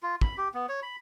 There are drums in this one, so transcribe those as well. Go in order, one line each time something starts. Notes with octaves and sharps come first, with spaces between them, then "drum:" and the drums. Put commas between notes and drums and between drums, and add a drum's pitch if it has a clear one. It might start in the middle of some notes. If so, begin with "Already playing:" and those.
F4
B5, drum: kick
G4
B3
C#5
B5